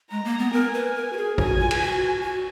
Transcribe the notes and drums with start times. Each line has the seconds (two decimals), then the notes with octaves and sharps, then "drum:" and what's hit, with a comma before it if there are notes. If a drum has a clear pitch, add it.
0.11 G#3 A#5
0.25 A#3
0.39 B3
0.53 A#4 G#5
0.74 B4
0.95 A#4
1.13 F#4
1.17 G#4
1.38 F#4 G#5, drum: kick
1.60 F4
1.71 drum: cymbal
1.81 F#4
2.23 F#4